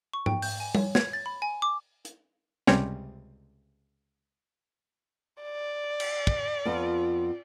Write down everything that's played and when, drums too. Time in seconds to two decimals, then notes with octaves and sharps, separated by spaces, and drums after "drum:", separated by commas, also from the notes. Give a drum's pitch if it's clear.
0.13 C#6
0.26 G5, drum: tom G#2
0.42 G6, drum: open hi-hat
0.60 G#5
0.75 C#5, drum: tom G3
0.95 G#6, drum: snare
1.13 A6
1.26 B5
1.42 G#5
1.62 D6
2.05 drum: hi-hat
2.67 C#2 C3 G3 C4 C#4 C#5, drum: snare
5.43 D5
6.00 drum: cymbal
6.27 drum: kick
6.65 F2 B3 F4